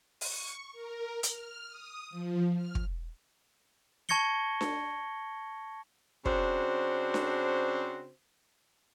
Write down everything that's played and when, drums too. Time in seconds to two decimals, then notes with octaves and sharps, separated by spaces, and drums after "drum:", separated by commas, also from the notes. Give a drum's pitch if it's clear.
0.21 C#6, drum: open hi-hat
0.72 A#4
1.23 F6, drum: hi-hat
1.68 D#6
2.10 F3
2.55 F6
2.75 drum: kick
4.09 A5 C#6 G#6 A#6 C#7 G7
4.61 drum: snare D4
6.25 C#3 C4 D4 F#4 C5, drum: kick
7.14 drum: snare D4